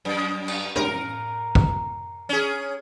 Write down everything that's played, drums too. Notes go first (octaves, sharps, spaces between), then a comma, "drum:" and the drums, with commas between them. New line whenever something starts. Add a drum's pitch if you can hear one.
F#2
drum: cymbal
A#4, drum: tom
drum: kick
C#4 G#4